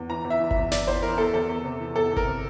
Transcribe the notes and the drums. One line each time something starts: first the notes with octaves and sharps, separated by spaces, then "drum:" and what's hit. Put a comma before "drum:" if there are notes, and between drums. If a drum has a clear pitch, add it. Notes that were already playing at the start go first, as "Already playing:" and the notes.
Already playing: E2
E3 A#5
E2
E5
E3
E5, drum: kick G1
E2
E3 D5, drum: snare
E2 C5
E3 A#4
E2 A4
E2 A4
E2
C3
E3
E2 A4
E2
A#4, drum: kick G1
C3